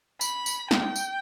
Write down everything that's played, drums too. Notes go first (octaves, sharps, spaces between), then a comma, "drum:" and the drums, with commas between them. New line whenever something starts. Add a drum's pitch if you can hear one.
B5, drum: tambourine
drum: tambourine
G5, drum: snare
drum: tambourine